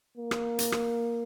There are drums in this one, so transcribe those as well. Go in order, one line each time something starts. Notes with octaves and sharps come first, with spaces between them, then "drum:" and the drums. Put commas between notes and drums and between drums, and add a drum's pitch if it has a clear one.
A#3
drum: rim click
drum: hi-hat
drum: rim click